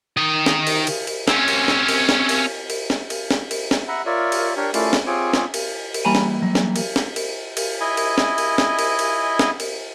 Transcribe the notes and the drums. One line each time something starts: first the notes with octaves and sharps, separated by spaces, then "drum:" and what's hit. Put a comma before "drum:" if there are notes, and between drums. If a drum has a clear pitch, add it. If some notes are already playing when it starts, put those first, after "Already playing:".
D#3 D#5
drum: snare
drum: cymbal
drum: cymbal
drum: cymbal
C4 C#4, drum: snare
drum: cymbal
drum: snare
drum: cymbal
drum: snare
drum: cymbal
drum: cymbal
drum: snare
drum: cymbal
drum: snare
drum: cymbal
drum: snare
E5 F#5 A#5 B5
F4 A#4 C#5 D5 E5
drum: cymbal
D4 G4 A#4 C#5
A3 C#4 E4 F4 D5 F5, drum: cymbal
drum: snare
C4 F4 G#4 C#5 D6
drum: snare
drum: cymbal
drum: cymbal
E3 G3 A#3 G#5 A#5 B5
drum: snare
F#3
drum: snare
drum: cymbal
drum: snare
drum: cymbal
drum: cymbal
E4 D#5 G#5
drum: cymbal
drum: snare
drum: cymbal
drum: snare
drum: cymbal
drum: cymbal
drum: snare
drum: cymbal